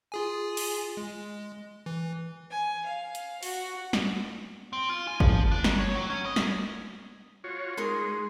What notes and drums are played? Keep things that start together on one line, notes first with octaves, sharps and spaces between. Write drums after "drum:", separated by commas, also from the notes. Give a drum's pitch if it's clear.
F4 G#4 G#5
drum: open hi-hat
G#3
E3
G#5
F5
drum: hi-hat
F#4, drum: open hi-hat
drum: snare
C4
F4
G#5
F3, drum: kick G1
D4
D#3, drum: snare
C#5
F#3
C#4
D#5
drum: snare
F4 F#4 C#5
G#3 D#4 A#4 C6